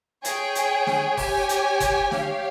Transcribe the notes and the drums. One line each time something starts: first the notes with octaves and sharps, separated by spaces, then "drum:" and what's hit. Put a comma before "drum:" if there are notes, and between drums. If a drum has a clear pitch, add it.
G#4 C#5 G5, drum: hi-hat
drum: hi-hat
drum: snare
G4 C#5 G#5, drum: kick F#1, open hi-hat
drum: hi-hat
drum: kick F#1, hi-hat
G4 C#5 F5, drum: snare